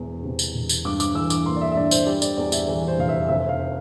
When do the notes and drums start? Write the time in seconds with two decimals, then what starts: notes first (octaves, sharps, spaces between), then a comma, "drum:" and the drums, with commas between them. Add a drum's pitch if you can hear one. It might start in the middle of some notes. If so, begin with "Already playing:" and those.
Already playing: E1 E2
0.24 C3
0.39 drum: tambourine
0.54 E1
0.69 drum: tambourine
0.85 G2 D6
1.00 D6, drum: tambourine
1.15 E3 E6
1.30 D6, drum: tambourine
1.46 A#3 C6
1.56 D5
1.61 E5
1.72 E5
1.76 G2 D5
1.91 C5, drum: tambourine
2.07 G3 D5
2.22 D5, drum: tambourine
2.37 E2 D5
2.52 E5, drum: tambourine
2.68 E3
2.88 C5
2.98 F1 F5
3.08 E5
3.28 F1 E5
3.49 F5